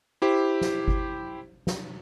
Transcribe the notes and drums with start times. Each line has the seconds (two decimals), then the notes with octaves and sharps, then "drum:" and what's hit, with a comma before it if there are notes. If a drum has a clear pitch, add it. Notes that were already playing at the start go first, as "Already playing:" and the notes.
0.22 E4 G4 C5
0.61 drum: snare
0.88 drum: kick G1
1.67 drum: snare